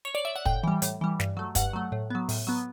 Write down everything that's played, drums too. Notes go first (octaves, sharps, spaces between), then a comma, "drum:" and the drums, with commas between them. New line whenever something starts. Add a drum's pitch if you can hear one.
C#5
D5
E5
F#5
A2 G5, drum: kick
E3 G3
A2, drum: hi-hat
E3 G3
G2, drum: snare
F#3 A3
G2 F#5, drum: kick, hi-hat
F#3 A3
A2
F#3 B3
A2, drum: open hi-hat
F#3 B3